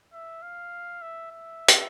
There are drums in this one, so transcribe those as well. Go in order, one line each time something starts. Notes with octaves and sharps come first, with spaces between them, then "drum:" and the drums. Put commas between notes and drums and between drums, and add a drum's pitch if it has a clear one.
E5
F5
E5
E5
drum: hi-hat